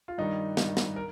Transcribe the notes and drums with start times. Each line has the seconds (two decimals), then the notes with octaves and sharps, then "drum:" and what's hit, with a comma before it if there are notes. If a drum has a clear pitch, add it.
0.08 F4
0.18 G2 D#3 G3 D#4
0.57 G2 D#3 G3, drum: snare
0.77 drum: snare
0.96 A#4